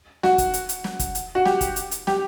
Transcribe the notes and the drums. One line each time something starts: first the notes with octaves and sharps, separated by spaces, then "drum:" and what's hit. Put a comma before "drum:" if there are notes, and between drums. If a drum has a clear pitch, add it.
F#4, drum: snare
drum: kick, hi-hat
drum: hi-hat
drum: hi-hat
drum: snare
drum: kick, hi-hat
drum: hi-hat
F#4
G4, drum: snare
drum: kick, hi-hat
drum: hi-hat
drum: hi-hat
G4, drum: snare